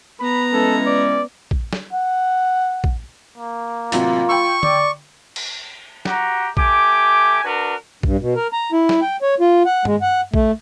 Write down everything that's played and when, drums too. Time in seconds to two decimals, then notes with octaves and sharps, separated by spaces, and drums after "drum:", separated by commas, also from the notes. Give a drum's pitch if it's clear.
0.20 B3 A#5 B5
0.53 E3 G#3 C#4 A4
0.87 D5
1.51 drum: kick
1.73 drum: snare
1.93 F#5
2.84 drum: kick
3.38 A#3
3.92 A1 C3 F#3 F4, drum: hi-hat
4.29 G5 B5 C#6 E6
4.63 D5, drum: tom D3
5.36 drum: cymbal
6.05 F#4 G4 A#5, drum: snare
6.57 A3 G4 G#5 D6, drum: kick
7.44 D4 F#4 A#4 B4
8.03 G2, drum: kick
8.21 B2
8.36 A#4
8.53 A#5
8.72 E4
8.89 drum: snare
9.02 G5
9.22 C#5
9.40 F4
9.65 F#5
9.85 G#3, drum: tom G2
10.02 F#5
10.34 A3, drum: kick